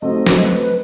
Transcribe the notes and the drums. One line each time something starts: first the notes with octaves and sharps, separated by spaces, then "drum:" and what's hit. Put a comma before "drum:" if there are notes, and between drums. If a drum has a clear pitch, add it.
F#3 A3 C4 D#4 D#5
drum: snare
B4